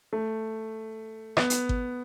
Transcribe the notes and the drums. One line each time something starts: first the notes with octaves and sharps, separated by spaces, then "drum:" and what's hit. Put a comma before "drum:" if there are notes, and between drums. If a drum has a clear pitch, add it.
A3
B3, drum: rim click
drum: hi-hat
drum: kick G#1